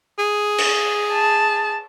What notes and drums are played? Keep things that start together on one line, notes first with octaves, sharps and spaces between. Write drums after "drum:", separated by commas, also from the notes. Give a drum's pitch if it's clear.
G#4
drum: cymbal
A5